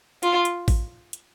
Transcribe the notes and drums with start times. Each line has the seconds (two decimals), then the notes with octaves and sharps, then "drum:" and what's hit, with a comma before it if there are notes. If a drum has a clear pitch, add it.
0.23 F4, drum: hi-hat
0.45 drum: hi-hat
0.68 drum: kick, open hi-hat
1.13 drum: hi-hat